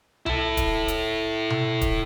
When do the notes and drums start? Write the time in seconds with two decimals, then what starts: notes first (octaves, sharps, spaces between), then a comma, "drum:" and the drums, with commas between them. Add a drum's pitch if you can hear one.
0.26 E4 A4, drum: tom C2
0.57 drum: kick, hi-hat
0.88 drum: hi-hat
1.50 drum: tom B2
1.81 drum: kick, hi-hat